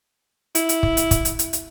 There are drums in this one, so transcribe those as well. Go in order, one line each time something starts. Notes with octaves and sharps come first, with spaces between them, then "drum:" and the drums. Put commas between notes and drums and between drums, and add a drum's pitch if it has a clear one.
E4, drum: hi-hat
drum: hi-hat
drum: kick
drum: hi-hat
drum: kick, hi-hat
drum: hi-hat
drum: hi-hat
drum: hi-hat